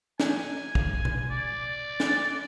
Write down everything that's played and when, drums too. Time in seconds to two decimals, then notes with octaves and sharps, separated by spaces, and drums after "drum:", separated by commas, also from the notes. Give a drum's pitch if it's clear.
0.20 G#5, drum: snare
0.75 drum: kick
1.05 drum: tom B2
1.31 D5
2.00 drum: snare